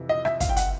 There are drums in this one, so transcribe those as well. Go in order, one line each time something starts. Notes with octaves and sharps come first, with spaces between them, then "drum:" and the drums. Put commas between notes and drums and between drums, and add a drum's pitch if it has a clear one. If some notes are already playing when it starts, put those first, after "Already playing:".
Already playing: F2 C3 E3
D#5
E5, drum: rim click
F5, drum: kick, hi-hat
G5
F#5, drum: hi-hat